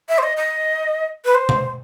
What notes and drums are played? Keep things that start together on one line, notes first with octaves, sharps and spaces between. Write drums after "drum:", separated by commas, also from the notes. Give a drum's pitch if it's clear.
E5
C5
D#5
D#5
B4
C5
drum: tom C3